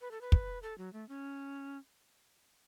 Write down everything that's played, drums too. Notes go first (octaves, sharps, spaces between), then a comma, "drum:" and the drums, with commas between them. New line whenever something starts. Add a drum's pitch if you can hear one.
B4
A4
B4
drum: kick
A4
F#3
A3
C#4